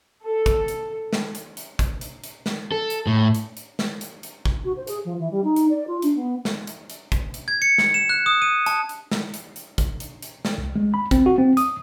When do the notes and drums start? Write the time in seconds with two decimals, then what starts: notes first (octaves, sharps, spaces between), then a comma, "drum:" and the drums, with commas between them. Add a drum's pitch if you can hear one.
0.25 A4
0.46 drum: kick, hi-hat
0.68 drum: hi-hat
1.13 drum: snare
1.35 drum: hi-hat
1.57 drum: hi-hat
1.79 drum: kick, hi-hat
2.01 drum: hi-hat
2.24 drum: hi-hat
2.46 drum: snare
2.72 A4
2.90 drum: hi-hat
3.07 A2
3.35 drum: hi-hat
3.57 drum: hi-hat
3.79 drum: snare
4.01 drum: hi-hat
4.23 drum: hi-hat
4.45 drum: kick
4.64 F#4
4.76 C5
4.87 G#4, drum: hi-hat
5.04 F3
5.18 E3
5.31 G3
5.43 D#4
5.56 drum: hi-hat
5.69 D5
5.87 F4
6.02 D4, drum: hi-hat
6.15 B3
6.45 drum: snare
6.67 drum: hi-hat
6.90 drum: hi-hat
7.12 drum: kick, hi-hat
7.34 drum: hi-hat
7.48 G#6
7.62 C#7
7.78 drum: snare
7.94 E7
8.09 F#6
8.26 D#6
8.42 D#7
8.66 A5, drum: hi-hat
8.89 drum: hi-hat
9.12 drum: snare
9.34 drum: hi-hat
9.56 drum: hi-hat
9.78 drum: kick, hi-hat
10.00 drum: hi-hat
10.22 drum: hi-hat
10.45 drum: snare
10.58 C2
10.76 G#3
10.94 B5
11.11 C4, drum: kick, hi-hat
11.26 F#4
11.38 C4
11.57 D#6, drum: hi-hat